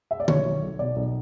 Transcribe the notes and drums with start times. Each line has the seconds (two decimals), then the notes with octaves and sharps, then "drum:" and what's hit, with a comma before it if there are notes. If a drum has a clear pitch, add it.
0.11 E5
0.20 D5
0.28 B1 C#5, drum: tom D3
0.45 F#3
0.63 B1
0.79 B2 D5
0.96 B1